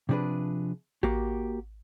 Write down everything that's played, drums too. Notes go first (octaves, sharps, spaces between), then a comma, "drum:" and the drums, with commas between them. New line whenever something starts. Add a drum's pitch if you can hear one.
C3 F3 D4 G#4 B4
A#3 F#4 G4, drum: kick A1